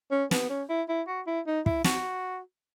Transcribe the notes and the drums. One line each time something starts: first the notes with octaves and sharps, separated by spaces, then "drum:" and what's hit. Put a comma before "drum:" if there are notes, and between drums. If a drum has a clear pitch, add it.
C#4
B3, drum: snare
C#4
E4
E4
F#4
E4
D#4
E4, drum: kick
F#4, drum: snare